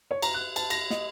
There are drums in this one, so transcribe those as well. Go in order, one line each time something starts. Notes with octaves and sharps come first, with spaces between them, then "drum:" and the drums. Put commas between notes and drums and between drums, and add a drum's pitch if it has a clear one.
C#5
A#5, drum: cymbal
F#6
A5, drum: cymbal
A#6, drum: cymbal
D#5, drum: snare